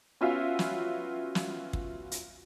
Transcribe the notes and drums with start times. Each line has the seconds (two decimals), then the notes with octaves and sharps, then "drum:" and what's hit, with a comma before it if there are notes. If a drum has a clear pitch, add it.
0.21 B3 C#4 F4 F#4 E5 F5
0.59 drum: snare
1.35 drum: snare
1.73 drum: kick
2.11 drum: hi-hat